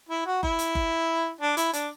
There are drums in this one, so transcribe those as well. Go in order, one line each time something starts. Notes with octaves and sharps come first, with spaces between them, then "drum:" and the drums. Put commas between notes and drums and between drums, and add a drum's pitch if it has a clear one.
E4
F#4
E4, drum: kick F#1
drum: hi-hat
drum: kick F#1
D4
E4, drum: hi-hat
D4, drum: hi-hat